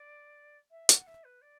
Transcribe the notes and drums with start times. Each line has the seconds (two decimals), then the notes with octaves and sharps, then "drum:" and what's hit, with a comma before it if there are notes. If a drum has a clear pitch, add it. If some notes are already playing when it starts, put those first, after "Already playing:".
Already playing: D5
0.70 E5
0.89 F#5, drum: hi-hat
1.06 E5
1.23 B4
1.41 D5